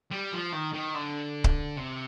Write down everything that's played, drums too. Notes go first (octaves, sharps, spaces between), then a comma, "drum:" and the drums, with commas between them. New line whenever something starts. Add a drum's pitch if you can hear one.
G3
F3
D#3
D#3
D3
drum: kick C#1
C3